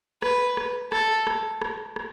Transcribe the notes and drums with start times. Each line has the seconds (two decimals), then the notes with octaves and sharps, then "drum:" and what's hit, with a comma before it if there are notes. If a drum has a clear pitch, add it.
0.22 B4, drum: rim click
0.57 drum: rim click
0.92 A4, drum: rim click
1.27 drum: rim click
1.62 drum: rim click
1.96 drum: rim click